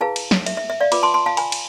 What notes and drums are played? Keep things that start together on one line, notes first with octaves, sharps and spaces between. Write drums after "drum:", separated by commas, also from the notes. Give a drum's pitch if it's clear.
E4 G#4 B4 F5 A5
drum: cymbal
drum: snare
E5, drum: cymbal
E5
E5
D5 F5
F4 B4 B5 D6, drum: cymbal
A5 C6
A5 C6
F5 A5
G#5 B5, drum: cymbal
drum: cymbal